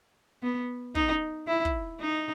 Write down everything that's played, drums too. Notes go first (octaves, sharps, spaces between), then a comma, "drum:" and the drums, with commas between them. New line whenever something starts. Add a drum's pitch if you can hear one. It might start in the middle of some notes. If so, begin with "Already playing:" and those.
B3
D#4, drum: kick
E4
drum: kick
D#4